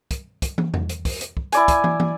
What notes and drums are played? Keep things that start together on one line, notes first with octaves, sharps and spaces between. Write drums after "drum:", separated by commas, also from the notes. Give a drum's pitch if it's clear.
drum: kick, hi-hat
drum: kick, hi-hat
drum: tom
drum: tom E2
drum: hi-hat
drum: kick, open hi-hat
drum: hi-hat
drum: kick
E4 D5 G#5, drum: hi-hat
drum: kick, hi-hat
drum: tom
drum: tom